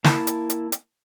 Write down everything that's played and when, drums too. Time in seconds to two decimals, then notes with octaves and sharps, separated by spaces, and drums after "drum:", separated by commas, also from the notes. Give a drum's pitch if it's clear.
0.04 A#3 E4 A5, drum: snare
0.27 drum: hi-hat
0.50 drum: hi-hat
0.72 drum: hi-hat